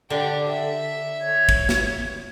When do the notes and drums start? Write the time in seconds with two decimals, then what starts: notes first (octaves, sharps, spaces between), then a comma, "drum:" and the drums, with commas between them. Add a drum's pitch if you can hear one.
0.10 D3 D4 G4
0.47 E5
1.21 C#5 G#6
1.49 drum: kick
1.69 drum: snare